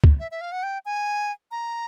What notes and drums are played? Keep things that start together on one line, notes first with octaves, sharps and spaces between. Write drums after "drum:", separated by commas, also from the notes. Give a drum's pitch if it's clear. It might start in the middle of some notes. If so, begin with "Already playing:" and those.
drum: kick C#2
E5
E5
F5
F#5
G5
G#5
A#5